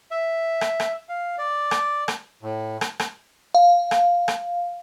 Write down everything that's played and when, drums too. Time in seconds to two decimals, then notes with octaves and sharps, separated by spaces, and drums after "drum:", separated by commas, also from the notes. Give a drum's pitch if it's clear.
0.11 E5
0.61 drum: rim click
0.80 drum: rim click
1.09 F5
1.38 D5
1.71 drum: rim click
2.08 drum: rim click
2.42 A2
2.81 drum: rim click
3.00 drum: rim click
3.55 F5
3.91 drum: rim click
4.28 drum: rim click